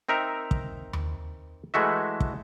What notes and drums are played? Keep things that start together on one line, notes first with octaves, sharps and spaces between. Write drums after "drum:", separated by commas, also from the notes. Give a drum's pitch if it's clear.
C4 D#4 A#4 E5 A#5
drum: kick
drum: tom D#2
E3 G#3 A3 F#4 E5
drum: kick